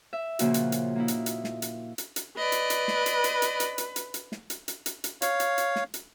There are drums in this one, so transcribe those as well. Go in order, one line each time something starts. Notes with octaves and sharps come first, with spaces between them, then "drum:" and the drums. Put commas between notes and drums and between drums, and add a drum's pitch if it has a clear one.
E5
A#2 C#3 F3 A#3 F#4, drum: hi-hat
drum: hi-hat
drum: hi-hat
A#3 D#4 E4
drum: hi-hat
drum: hi-hat
drum: snare
drum: hi-hat
drum: hi-hat
drum: hi-hat
B4 D5 D#5
drum: hi-hat
drum: hi-hat
drum: snare
drum: hi-hat
drum: hi-hat
drum: hi-hat
drum: hi-hat
drum: hi-hat
drum: hi-hat
drum: hi-hat
drum: snare
drum: hi-hat
drum: hi-hat
drum: hi-hat
drum: hi-hat
C#5 F5, drum: hi-hat
drum: hi-hat
drum: hi-hat
drum: snare
drum: hi-hat